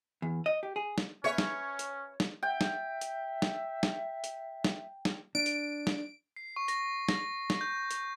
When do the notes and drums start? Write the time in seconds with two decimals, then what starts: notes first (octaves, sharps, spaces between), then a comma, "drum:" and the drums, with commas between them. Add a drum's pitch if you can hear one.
0.22 E2
0.46 D#5
0.63 G4
0.76 G#4
0.98 drum: snare
1.24 C#4 B4 C#5 E5
1.38 drum: snare
1.79 drum: hi-hat
2.20 drum: snare
2.43 E5 G5
2.61 drum: snare
3.01 drum: hi-hat
3.42 drum: snare
3.83 drum: snare
4.24 drum: hi-hat
4.64 drum: snare
5.05 drum: snare
5.35 D4 D7
5.46 drum: hi-hat
5.87 drum: snare
6.36 C7
6.56 C#6
6.68 A#6, drum: hi-hat
7.09 A#6, drum: snare
7.50 drum: snare
7.61 G6
7.91 drum: hi-hat